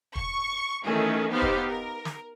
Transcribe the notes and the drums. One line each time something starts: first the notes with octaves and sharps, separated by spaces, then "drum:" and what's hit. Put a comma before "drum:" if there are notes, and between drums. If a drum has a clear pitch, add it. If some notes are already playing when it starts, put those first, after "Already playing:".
C#6, drum: kick
D#3 E3 A3 C#4 G#4
B3 D#4 G4 C5 F5
drum: kick
A#4
drum: snare